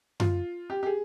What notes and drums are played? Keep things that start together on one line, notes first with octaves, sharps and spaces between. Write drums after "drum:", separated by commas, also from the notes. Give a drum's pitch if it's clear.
F4, drum: tom F#2
G4
G4
G#4